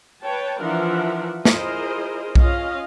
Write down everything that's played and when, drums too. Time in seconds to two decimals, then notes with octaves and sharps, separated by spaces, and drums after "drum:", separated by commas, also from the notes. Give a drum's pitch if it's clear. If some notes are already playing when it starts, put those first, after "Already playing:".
0.22 B4 C#5 G5 A5
0.62 E3 F3 D4 A#4 E5 F#5
1.45 E4 F4 G#4 A#4 C5 D#5, drum: snare
2.35 C#4 F4 D#5 F5, drum: kick B1